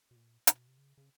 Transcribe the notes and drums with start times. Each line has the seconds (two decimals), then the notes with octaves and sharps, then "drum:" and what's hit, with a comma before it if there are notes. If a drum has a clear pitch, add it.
0.11 B2
0.16 A#2
0.47 B2, drum: hi-hat
0.67 C3
0.78 C#3
0.98 C#3